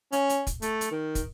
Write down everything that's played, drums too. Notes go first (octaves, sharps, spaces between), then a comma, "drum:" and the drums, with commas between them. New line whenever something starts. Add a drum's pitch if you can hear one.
C#4, drum: hi-hat
drum: hi-hat
drum: kick, hi-hat
A3, drum: hi-hat
drum: hi-hat
D#3
drum: kick, hi-hat